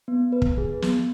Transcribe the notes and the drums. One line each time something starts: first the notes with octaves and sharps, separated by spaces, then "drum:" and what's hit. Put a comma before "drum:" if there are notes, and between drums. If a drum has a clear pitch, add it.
B3
B4
drum: kick
G#4
B3, drum: snare